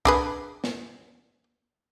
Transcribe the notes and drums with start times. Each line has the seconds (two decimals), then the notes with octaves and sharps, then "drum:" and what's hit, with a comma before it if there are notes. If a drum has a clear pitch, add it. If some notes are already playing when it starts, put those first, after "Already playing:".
0.05 D4 G#4 B4, drum: kick C2
0.64 drum: snare